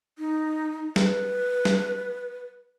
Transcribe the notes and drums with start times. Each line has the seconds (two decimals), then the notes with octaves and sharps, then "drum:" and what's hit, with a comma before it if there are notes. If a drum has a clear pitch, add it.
0.18 D#4
0.96 B4, drum: snare
1.65 drum: snare